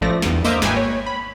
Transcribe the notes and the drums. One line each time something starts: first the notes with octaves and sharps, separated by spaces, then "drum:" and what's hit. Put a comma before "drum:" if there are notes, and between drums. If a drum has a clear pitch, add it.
A1 F3 A3 D5 A#6
E2 G2, drum: snare
A#3 C5 D#5 E5 D6 F6, drum: tambourine
G#1 A#3 B4 G5 G#5 B5, drum: snare
C#5
B5